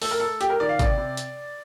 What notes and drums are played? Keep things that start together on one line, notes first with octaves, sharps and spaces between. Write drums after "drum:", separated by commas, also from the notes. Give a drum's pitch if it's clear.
A3 A4, drum: open hi-hat
A#4
A3 A4
A3 G4, drum: hi-hat
A#4
D#3 D5
F5
C3 D5, drum: kick, hi-hat
C3
drum: hi-hat